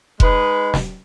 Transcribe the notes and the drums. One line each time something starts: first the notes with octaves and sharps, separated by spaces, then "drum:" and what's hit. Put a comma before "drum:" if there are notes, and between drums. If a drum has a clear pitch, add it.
G#3 D#4 G#4 B4, drum: kick F1
drum: snare